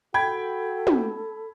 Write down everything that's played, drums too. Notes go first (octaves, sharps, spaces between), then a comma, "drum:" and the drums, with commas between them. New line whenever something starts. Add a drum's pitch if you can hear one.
F#4 A4 G5 B5 G#6
drum: tom